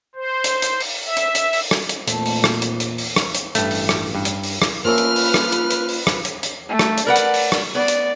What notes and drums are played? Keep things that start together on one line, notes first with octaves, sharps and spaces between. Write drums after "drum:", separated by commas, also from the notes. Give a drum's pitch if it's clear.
C5
drum: hi-hat
drum: hi-hat
drum: open hi-hat
E5
drum: hi-hat
drum: hi-hat
drum: open hi-hat
drum: rim click
drum: hi-hat
E2 A#2 A3 C4, drum: hi-hat
drum: open hi-hat
drum: rim click
drum: hi-hat
drum: hi-hat
drum: open hi-hat
drum: rim click
drum: hi-hat
A1 G2 E3 A3, drum: hi-hat
drum: open hi-hat
drum: rim click
G2
drum: hi-hat
drum: open hi-hat
drum: rim click
F3 A#3 C#4 F4 A#4 B4 E5 F6
drum: hi-hat
drum: open hi-hat
drum: rim click
drum: hi-hat
drum: hi-hat
drum: open hi-hat
drum: rim click
drum: hi-hat
drum: hi-hat
A3
drum: rim click
drum: hi-hat
A#4 B4 D5 F#5
drum: hi-hat
drum: open hi-hat
drum: rim click
B3 D5
drum: hi-hat